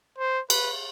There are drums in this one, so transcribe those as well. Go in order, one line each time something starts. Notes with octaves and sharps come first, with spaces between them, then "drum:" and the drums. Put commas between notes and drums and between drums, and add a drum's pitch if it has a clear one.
C5
B4, drum: cymbal